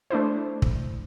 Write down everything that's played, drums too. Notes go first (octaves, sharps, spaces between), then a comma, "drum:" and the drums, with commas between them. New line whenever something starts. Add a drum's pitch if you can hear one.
A3 D4 E4 C5
drum: kick